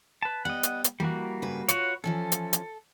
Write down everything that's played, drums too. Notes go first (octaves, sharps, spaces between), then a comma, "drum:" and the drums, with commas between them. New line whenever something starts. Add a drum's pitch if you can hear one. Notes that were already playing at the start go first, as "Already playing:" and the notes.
B4 A5
G3 B3 D#5 F#5
drum: hi-hat
drum: hi-hat
E3 G3 A#3 F#4
G2 C#3 B4
F4 F#4 B4 C#5, drum: hi-hat
E3 F3 C#4 A4
drum: hi-hat
drum: hi-hat